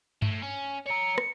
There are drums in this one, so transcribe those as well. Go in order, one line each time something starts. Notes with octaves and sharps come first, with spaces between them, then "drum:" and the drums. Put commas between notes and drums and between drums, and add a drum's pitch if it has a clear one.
A2, drum: tom G2
C#4
C#5 A#5 C#7
drum: rim click